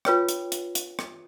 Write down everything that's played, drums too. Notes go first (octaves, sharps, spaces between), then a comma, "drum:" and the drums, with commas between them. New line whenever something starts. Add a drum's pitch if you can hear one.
F4 B4 C#5 G5, drum: rim click
drum: hi-hat
drum: hi-hat
drum: hi-hat
drum: rim click